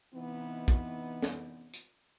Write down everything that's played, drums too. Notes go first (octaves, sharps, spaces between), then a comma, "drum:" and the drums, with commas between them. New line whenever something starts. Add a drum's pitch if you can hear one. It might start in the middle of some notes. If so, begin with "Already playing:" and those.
C3 E3 B3 D#4
drum: kick
drum: snare
drum: hi-hat